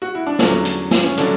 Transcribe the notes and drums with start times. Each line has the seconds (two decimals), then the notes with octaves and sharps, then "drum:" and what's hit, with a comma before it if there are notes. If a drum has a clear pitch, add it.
0.02 F#4
0.15 E4
0.27 D4
0.39 E2 D3 F#3 A3 C#4, drum: snare
0.65 drum: hi-hat
0.91 drum: snare
1.03 C#4
1.17 D3 F#3 A3 C#4 D4, drum: hi-hat